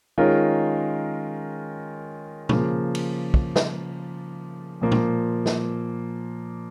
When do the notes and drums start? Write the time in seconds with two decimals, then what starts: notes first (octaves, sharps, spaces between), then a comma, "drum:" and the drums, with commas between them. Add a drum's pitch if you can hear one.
0.18 D#3 G#3 C#4 F4 A#4
2.49 C#3 F3 A#3, drum: tom A#2
2.95 drum: cymbal
3.34 drum: kick
3.56 drum: snare
4.81 A#2 F3 A#3
4.92 drum: tom A#2
5.46 drum: snare